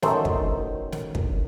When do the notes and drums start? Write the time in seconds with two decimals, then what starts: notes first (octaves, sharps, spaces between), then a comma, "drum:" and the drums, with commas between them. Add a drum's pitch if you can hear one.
0.02 F#2 D#3 A3 D#4 A4 C5, drum: snare
0.25 drum: kick
0.92 drum: snare
1.15 drum: kick